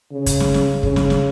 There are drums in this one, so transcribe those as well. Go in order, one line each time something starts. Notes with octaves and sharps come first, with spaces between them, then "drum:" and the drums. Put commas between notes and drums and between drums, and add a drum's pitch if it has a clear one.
C#3
drum: kick, hi-hat
drum: snare
drum: snare
C#3, drum: kick
drum: snare
drum: snare